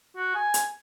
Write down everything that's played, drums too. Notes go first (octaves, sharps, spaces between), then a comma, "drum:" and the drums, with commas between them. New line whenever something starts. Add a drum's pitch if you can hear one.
F#4
G#5
drum: hi-hat